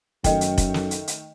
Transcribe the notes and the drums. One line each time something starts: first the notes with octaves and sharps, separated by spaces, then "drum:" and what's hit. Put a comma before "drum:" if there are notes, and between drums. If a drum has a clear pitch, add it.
F#2 D#3 A3 D#5 G5, drum: kick F1, hi-hat
drum: hi-hat
drum: kick F1, hi-hat
drum: snare
drum: hi-hat
drum: hi-hat